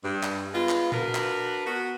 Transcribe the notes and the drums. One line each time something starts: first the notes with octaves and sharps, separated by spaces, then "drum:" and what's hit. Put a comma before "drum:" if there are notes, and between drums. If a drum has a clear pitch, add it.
G2
drum: clap
G#3 B3 F4
drum: clap
D4 F#4 A#4 B4, drum: tom A#2
drum: clap
B3 F#4